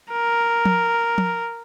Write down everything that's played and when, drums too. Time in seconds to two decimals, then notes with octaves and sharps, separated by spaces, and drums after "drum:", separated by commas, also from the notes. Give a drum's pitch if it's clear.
0.11 A#4
0.65 drum: tom F3
1.18 drum: tom F3